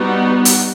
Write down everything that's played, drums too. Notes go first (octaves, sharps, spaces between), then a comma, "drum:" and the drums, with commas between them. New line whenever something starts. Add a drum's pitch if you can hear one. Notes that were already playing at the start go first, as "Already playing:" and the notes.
Already playing: G3 B3 D#4 F#4
drum: hi-hat